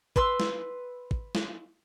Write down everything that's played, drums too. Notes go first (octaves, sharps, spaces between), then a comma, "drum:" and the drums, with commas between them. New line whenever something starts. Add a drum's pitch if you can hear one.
B4 C6 E6, drum: kick
drum: snare
drum: kick
drum: snare